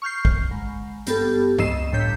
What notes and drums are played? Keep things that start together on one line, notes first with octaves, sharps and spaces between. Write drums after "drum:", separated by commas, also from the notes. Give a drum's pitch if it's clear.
C#6 F6 G6 C7
drum: kick
G#1
G2 B3 G4 A4, drum: hi-hat
C#2 D#5 E6 C7 E7, drum: tom G#2
G1 D2 A2 C#5 G6 B6